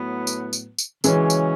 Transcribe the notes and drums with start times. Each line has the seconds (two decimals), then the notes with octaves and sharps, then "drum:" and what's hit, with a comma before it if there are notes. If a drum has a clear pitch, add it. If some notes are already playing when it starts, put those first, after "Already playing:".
Already playing: A2 F#3 B3
0.27 drum: tambourine
0.53 drum: tambourine
0.78 drum: tambourine
1.04 C#3 E3 F#3 G#3 C#4, drum: tambourine
1.30 drum: tambourine